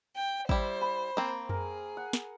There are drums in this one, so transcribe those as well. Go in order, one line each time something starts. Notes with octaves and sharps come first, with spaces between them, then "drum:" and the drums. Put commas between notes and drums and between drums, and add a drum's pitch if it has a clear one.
G5
G3 E4 C5, drum: kick
B5
A#3 C4
G#4 A#4, drum: tom F2
F#5
drum: snare